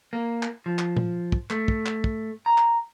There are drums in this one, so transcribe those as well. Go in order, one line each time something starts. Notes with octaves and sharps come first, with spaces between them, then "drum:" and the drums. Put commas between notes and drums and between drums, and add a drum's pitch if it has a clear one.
A#3
drum: clap
F3
drum: clap
drum: tom A#2
drum: kick
A3, drum: clap
drum: kick
drum: clap
drum: kick
A#5
drum: clap